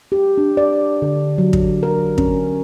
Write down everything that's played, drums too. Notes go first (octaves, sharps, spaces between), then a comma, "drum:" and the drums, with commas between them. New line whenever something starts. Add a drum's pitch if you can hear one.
G4
D4
D5
D3
F#3
drum: kick
A#4
C#4, drum: kick